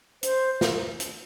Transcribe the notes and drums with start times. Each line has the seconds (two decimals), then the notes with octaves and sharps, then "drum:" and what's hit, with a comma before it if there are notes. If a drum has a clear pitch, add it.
0.23 C5, drum: hi-hat
0.61 drum: snare
1.00 drum: hi-hat